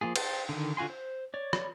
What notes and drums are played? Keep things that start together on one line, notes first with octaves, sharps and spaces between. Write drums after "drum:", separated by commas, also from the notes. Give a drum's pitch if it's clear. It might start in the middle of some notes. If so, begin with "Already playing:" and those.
F3 A#3 F4 G#4
C5 G5 A5, drum: cymbal
D3 D#3
D3 F4 F#4 G#5 C6
C5
C#5 D5
drum: rim click